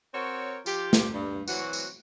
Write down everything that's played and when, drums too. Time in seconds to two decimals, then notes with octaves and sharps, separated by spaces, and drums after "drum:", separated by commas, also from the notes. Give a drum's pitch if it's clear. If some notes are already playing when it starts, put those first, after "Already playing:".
0.14 C4 F#4 A#4 C#5
0.66 F3 F4 G4, drum: tambourine
0.93 drum: snare
1.13 G2
1.48 E3 F#3 C4 F#4, drum: tambourine
1.73 drum: tambourine